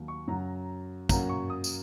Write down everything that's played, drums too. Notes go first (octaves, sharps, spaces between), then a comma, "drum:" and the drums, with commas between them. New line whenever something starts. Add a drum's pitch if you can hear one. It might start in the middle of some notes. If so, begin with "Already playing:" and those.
Already playing: D#2 D#3 F#3 A#3
C#6
F#2 C#3 F#3 A#5
F#2 C#3 F#3 A#3 A#5, drum: kick, tambourine
C#6
D#6
drum: tambourine